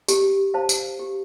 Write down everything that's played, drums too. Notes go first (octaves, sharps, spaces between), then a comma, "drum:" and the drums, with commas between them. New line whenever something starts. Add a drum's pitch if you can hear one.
G4, drum: tambourine
C5 F5 A5
drum: tambourine
G4